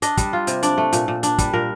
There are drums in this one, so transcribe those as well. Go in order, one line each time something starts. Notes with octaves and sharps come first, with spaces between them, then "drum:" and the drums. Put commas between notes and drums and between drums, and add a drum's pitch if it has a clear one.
D4 D#5, drum: hi-hat
G3, drum: kick, hi-hat
F4
C3, drum: hi-hat
D4 D5, drum: hi-hat
A3
A#2, drum: hi-hat
A#2
D4, drum: hi-hat
G3, drum: kick, hi-hat
A#2 A#4